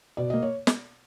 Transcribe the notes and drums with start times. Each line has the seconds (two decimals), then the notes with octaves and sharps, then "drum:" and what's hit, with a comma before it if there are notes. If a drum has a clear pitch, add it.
0.17 B2 D5
0.30 A#3 D#5
0.43 C#5
0.67 drum: snare